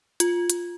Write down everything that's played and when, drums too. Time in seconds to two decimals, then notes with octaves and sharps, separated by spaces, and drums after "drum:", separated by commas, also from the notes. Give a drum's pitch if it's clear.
0.20 F4, drum: hi-hat
0.50 drum: hi-hat